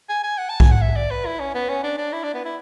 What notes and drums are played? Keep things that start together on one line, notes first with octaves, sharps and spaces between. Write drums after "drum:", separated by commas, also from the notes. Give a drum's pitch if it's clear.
G#5
G#5
F#5
A5
G#5, drum: kick B1
F#5
E5
D5
B4
E4
C#4
B3
C#4
D4
D4
E4
D4
B3
E4